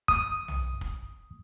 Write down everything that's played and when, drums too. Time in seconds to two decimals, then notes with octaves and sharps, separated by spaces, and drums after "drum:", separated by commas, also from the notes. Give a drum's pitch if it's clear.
0.08 D#6, drum: kick
0.48 drum: tom B1
0.81 drum: kick